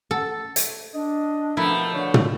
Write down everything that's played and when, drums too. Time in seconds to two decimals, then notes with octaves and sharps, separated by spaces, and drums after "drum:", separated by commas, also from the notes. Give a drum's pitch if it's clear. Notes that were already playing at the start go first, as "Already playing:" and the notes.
0.11 A4
0.56 drum: hi-hat
0.94 D4 D#5
1.57 B2 F3 A3 E4 A#4
1.93 D3 C#5
2.14 drum: tom